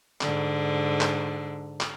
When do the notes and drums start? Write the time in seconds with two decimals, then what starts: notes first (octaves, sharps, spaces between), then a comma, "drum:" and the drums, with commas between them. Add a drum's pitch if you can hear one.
0.21 G#2 D3, drum: clap
1.01 drum: clap
1.81 drum: clap